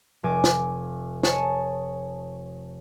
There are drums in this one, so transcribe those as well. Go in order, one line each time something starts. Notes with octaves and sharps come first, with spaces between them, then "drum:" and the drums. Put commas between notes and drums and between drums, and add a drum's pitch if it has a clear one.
F1 G#5 D6
drum: snare
C#5 G#5 A5 D#6 C#7, drum: snare